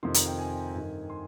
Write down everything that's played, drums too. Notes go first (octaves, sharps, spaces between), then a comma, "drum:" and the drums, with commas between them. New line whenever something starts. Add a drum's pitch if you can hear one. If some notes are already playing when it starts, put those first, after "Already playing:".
F2 C3 D#3 C6
A#5, drum: hi-hat
G5
G#5
G2 D#3
C6